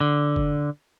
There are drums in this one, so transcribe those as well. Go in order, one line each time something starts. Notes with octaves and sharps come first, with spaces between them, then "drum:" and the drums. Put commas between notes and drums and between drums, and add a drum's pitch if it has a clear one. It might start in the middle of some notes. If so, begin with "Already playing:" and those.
D3
drum: kick F#1